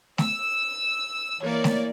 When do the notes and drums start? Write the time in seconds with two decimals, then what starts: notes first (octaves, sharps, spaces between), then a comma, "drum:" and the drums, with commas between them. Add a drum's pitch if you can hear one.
0.18 E6, drum: snare A3
1.42 E3 A#3 C#5 D5
1.64 drum: snare A3